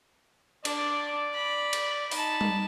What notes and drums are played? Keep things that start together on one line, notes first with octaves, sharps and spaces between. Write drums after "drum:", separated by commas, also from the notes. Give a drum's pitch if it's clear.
D4 D5, drum: cymbal
B5
drum: cymbal
D#4 A5 B5, drum: open hi-hat
drum: tom G3